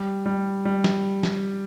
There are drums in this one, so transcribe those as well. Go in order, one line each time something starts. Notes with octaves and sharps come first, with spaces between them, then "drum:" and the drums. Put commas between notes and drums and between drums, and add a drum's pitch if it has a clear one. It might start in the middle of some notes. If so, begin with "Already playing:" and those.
Already playing: G3
G3
G3
drum: snare
drum: snare